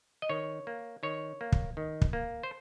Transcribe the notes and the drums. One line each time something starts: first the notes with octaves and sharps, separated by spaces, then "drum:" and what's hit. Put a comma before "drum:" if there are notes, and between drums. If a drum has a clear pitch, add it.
D#5
D#3 C#5
A#3
D#3 C#5
A#3
drum: kick
D#3
drum: kick
A#3
C5